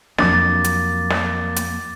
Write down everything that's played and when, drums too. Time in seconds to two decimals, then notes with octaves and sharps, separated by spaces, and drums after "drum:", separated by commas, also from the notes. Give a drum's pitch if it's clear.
0.18 F2 F#3 A#3 D4 D6 A6, drum: snare
0.64 drum: hi-hat
1.10 drum: snare
1.56 drum: hi-hat